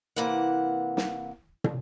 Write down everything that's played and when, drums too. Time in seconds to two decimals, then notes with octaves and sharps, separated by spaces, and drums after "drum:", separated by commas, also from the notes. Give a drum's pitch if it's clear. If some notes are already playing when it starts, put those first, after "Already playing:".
0.16 C3 E3 A#3 B4 F#5
0.97 drum: snare
1.64 drum: tom